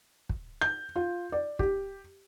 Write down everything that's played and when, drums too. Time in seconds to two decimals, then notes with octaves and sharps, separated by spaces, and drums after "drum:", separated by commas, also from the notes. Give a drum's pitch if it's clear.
0.29 drum: kick
0.61 G6
0.96 F4
1.32 D5
1.59 G4, drum: kick